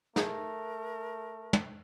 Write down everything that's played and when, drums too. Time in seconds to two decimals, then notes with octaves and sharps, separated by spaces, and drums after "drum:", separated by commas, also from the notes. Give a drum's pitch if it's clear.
0.16 A3 D#4 G#4 A#4 G#6, drum: snare
1.53 drum: tom